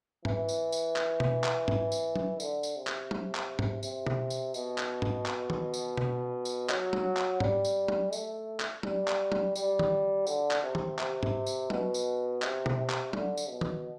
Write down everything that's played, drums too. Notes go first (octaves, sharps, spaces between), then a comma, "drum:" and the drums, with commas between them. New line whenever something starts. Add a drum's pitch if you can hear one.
E3, drum: tom G#2
drum: tambourine
drum: tambourine
drum: clap
drum: tom B2
drum: clap
drum: tom G#2
drum: tambourine
drum: tom F#3
D3, drum: tambourine
drum: tambourine
C3
drum: clap
drum: tom F#3
drum: clap
drum: tom G#2
C3, drum: tambourine
drum: tom B2
drum: tambourine
B2, drum: tambourine
drum: clap
drum: tom G#2
drum: clap
drum: tom
drum: tambourine
drum: tom B2
drum: tambourine
F#3, drum: clap
drum: tom F#3
drum: clap
G3, drum: tom G#2
drum: tambourine
drum: tom F#3
A3, drum: tambourine
drum: clap
G3, drum: tom F#3
drum: clap
drum: tom F#3
G3, drum: tambourine
drum: tom
D3, drum: tambourine
drum: clap
C3
drum: tom
C3, drum: clap
drum: tom G#2
drum: tambourine
B2, drum: tom F#3
drum: tambourine
C3, drum: clap
drum: tom B2
C3
drum: clap
D3, drum: tom F#3
drum: tambourine
B2
drum: tom